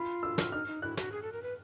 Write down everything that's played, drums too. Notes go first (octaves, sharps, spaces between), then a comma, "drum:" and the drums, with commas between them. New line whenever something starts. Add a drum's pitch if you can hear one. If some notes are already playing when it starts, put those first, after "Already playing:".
Already playing: F4 B5
E6
F6, drum: snare
D#4 F6
D#4, drum: hi-hat
E4 F#6
F#4, drum: snare
G#4
A4
A#4
B4